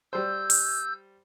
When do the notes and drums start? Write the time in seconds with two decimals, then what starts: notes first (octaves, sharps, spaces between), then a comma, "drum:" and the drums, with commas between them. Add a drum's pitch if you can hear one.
0.13 G3 C5 E6 G6
0.50 drum: open hi-hat